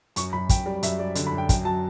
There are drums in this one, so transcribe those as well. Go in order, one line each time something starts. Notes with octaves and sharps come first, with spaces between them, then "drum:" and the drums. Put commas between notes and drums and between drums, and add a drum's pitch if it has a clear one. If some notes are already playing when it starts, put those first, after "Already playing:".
F#2 C#6, drum: hi-hat
F#2 B5
F#2 G5, drum: kick, hi-hat
G3
F#2 E5, drum: hi-hat
G3 D5
D3, drum: hi-hat
B5
F#2
G5
F#2 G5, drum: kick, hi-hat
F#3 A5